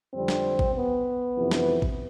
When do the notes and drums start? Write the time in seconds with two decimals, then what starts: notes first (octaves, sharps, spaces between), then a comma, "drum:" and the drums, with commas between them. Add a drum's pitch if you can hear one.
0.12 F2 D3 G3 C4
0.28 drum: snare
0.59 drum: kick A1
0.74 B3
1.36 F2 C3 E3
1.51 drum: snare
1.82 drum: kick A1